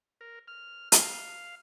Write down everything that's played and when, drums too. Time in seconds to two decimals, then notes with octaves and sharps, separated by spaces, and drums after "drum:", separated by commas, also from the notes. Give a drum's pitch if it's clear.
0.21 A#4
0.48 F6
0.92 F5, drum: hi-hat